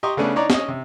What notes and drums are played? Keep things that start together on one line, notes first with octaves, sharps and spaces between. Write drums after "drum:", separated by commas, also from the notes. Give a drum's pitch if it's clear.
G4 D#5 A#5 C6 C#6
C#3 A3 B3 C#4 D4
D4 D#4 C#5 D5 A#5
C#4 D#5, drum: snare
C3